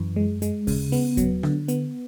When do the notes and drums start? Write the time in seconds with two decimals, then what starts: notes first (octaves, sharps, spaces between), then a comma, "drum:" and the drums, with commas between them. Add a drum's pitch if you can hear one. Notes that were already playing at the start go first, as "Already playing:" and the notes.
Already playing: F#2 E3
0.16 G#3
0.42 G#3, drum: hi-hat
0.67 C#3, drum: kick D#2, open hi-hat
0.92 B3, drum: open hi-hat
1.17 F#3, drum: kick D#2, hi-hat
1.43 D3, drum: rim click
1.68 B3, drum: hi-hat